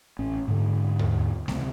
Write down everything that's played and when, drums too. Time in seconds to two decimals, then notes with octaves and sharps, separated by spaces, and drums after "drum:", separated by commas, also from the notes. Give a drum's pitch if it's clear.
0.19 A1 C#4
0.48 G#2 D3
0.99 drum: tom D#2
1.48 C#2 C3, drum: snare A3